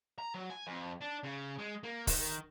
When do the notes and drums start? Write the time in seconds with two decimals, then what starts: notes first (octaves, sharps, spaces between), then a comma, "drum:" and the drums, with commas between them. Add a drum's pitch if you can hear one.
0.19 A#5
0.35 F#3
0.50 G#5
0.67 F2
1.01 D4
1.23 C#3
1.59 G#3
1.83 A#3
2.07 D#3, drum: kick, open hi-hat